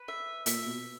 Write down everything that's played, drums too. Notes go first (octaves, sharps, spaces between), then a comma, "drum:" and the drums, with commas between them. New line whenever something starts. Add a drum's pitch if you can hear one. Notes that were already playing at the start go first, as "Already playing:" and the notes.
Already playing: B4
E5
A#2 E5, drum: hi-hat
B2